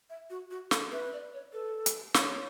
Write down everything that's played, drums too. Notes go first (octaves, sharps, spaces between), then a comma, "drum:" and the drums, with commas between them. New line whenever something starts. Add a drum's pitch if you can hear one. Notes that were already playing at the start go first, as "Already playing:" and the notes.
E5
F#4
F#4
A4, drum: snare
B4 E5
D5
C#5
A4 B4
drum: hi-hat
C#5, drum: snare